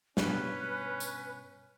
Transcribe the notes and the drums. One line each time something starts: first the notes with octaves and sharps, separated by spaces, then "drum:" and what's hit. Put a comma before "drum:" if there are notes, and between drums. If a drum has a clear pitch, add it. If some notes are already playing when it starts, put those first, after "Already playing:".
G2 B2 C#4 B4, drum: snare
drum: tambourine